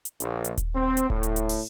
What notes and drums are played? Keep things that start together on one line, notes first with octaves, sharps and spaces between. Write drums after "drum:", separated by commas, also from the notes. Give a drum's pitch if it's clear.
drum: hi-hat
A#1, drum: hi-hat
drum: hi-hat
drum: kick D#1, hi-hat
C4
drum: hi-hat
A2, drum: kick D#1
drum: hi-hat
drum: hi-hat
drum: open hi-hat